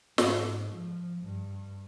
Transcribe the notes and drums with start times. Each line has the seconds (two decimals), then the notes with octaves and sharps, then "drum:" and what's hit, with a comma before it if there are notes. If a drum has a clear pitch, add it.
0.18 G#2, drum: snare
0.74 F3
1.22 G2